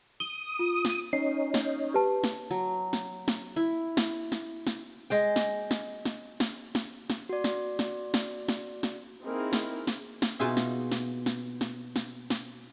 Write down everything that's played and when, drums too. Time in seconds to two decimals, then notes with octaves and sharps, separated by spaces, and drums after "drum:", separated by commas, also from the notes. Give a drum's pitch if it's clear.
0.20 D#6 G7
0.59 F4
0.85 drum: snare
1.13 C#4 D#4 C7
1.54 drum: snare
1.94 G4 B4 A5
2.24 drum: snare
2.51 F#3
2.93 drum: snare
3.28 drum: snare
3.56 E4
3.97 drum: snare
4.32 drum: snare
4.67 drum: snare
5.10 G#3 G#4 G5
5.36 drum: snare
5.71 drum: snare
6.05 drum: snare
6.40 drum: snare
6.75 drum: snare
7.10 drum: snare
7.29 F#4 D5
7.44 drum: snare
7.79 drum: snare
8.14 drum: snare
8.49 drum: snare
8.83 drum: snare
9.24 A#3 C4 D#4 E4 G#4 A#4
9.53 drum: snare
9.87 drum: snare
10.22 drum: snare
10.39 B2 D#4 F4 G#4 E5
10.57 drum: snare
10.92 drum: snare
11.26 drum: snare
11.61 drum: snare
11.96 drum: snare
12.30 drum: snare